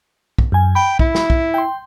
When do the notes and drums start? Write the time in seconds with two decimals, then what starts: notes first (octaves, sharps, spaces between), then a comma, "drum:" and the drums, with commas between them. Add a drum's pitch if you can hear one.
0.38 drum: kick
0.52 F#2 G#5
0.75 G5 B5
0.99 E4, drum: kick
1.15 drum: snare
1.30 drum: kick
1.54 G5 C6